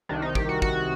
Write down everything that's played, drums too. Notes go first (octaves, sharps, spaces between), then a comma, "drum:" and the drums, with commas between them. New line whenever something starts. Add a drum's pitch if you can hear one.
C2 C3 D#3 D4
D#4
G4, drum: kick
F#4
F#4, drum: kick